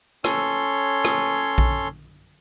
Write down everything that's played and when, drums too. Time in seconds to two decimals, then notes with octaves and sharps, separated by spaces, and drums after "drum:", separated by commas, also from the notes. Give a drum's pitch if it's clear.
0.24 C#4 A4 C#5 C6, drum: rim click
1.05 drum: rim click
1.58 drum: kick A#1